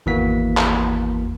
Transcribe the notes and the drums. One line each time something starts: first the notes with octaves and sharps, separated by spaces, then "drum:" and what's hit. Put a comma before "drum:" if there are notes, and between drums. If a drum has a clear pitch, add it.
G#1 E2 E3 A#3 F#4 B6
drum: clap